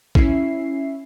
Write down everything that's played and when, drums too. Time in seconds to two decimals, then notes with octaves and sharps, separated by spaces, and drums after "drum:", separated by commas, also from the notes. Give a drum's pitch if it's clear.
0.15 C#4 E4 E5 C7, drum: kick